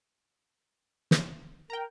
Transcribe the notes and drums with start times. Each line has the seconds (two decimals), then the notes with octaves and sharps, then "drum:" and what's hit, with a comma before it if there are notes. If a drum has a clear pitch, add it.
1.11 drum: snare
1.70 A#4 G5 A#5